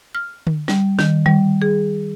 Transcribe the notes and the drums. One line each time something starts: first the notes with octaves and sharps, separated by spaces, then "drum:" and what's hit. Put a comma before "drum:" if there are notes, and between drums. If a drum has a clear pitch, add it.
F6
drum: tom D3
G3, drum: snare
D#3, drum: snare
G3, drum: tom D3
G#4